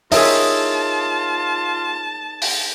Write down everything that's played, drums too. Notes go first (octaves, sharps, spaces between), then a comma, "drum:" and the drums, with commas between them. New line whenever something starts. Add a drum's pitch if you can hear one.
D#4 F4 G#4 A#4 C#5 E5 A5, drum: open hi-hat
drum: open hi-hat